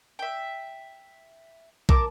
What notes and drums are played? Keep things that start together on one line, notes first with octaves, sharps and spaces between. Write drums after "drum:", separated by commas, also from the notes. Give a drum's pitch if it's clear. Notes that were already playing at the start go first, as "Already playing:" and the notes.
E5 G5
A#4 A5 D6, drum: kick